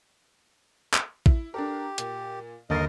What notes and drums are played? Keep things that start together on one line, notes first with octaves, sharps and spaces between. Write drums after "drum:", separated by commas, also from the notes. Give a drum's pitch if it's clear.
drum: clap
E4, drum: kick
D4 G4 A4 A#4
A#2, drum: hi-hat
G1 D#2 D3 A#4 D#5 A6 C7